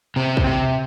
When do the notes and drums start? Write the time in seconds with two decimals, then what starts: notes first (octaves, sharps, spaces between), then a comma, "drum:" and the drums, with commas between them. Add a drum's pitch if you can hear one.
0.16 C3 C4
0.37 drum: kick
0.47 C3